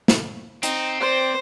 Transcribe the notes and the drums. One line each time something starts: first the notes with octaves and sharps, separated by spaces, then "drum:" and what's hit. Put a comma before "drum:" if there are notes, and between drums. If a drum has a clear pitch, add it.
drum: snare
C4 D#4, drum: hi-hat
C5 D5